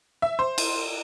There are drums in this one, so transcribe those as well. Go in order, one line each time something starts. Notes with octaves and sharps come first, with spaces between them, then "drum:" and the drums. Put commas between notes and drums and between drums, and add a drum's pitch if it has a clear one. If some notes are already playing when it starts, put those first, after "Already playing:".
E5
C5
drum: cymbal